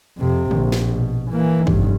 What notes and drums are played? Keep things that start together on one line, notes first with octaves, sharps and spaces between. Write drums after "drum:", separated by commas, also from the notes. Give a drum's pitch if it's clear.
F2 C3
A#1, drum: tom C#3
drum: snare
B2
E3 A#3
F1 G2, drum: kick